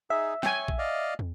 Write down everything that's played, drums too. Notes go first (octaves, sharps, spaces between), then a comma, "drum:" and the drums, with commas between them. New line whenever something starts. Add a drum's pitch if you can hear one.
D#4 G#4 E5
C#5 G5 G#5, drum: snare
drum: kick
D5 D#5 F5
drum: tom